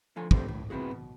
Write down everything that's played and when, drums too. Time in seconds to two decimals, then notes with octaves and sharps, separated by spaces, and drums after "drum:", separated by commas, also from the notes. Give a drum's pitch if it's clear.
0.16 D3 F3 F4 A4 G#5
0.31 G3 A3 C4 G4 A4 C5, drum: kick
0.48 D#2 A2
0.70 B3 C4 E4 F#4 G#4
0.91 B2